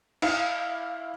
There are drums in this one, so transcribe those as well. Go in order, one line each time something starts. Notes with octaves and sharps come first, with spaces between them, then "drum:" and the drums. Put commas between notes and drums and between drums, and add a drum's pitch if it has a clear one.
E4 F5, drum: cymbal